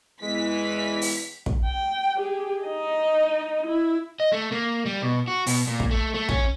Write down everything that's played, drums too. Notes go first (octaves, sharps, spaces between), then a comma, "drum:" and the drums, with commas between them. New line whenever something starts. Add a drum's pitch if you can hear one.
E2 E3 G#3 B6
drum: open hi-hat
drum: kick
G5
G4 G#4
D#4 D#5
E4
D#5
A3
A#3
G3
B2
F#4
B2, drum: open hi-hat
A#2
drum: kick
A3
A3
C#4, drum: kick